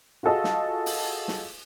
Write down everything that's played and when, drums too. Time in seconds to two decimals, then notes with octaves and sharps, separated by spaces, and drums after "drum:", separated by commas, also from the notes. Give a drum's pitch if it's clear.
0.23 F4 F#4 G#4 A4 D#5 F5
0.44 drum: snare
0.86 drum: open hi-hat
1.28 drum: snare